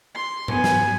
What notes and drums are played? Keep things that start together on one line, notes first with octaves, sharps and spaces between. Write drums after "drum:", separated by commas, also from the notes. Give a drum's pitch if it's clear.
C6
B3 G#5, drum: tom G#2
drum: snare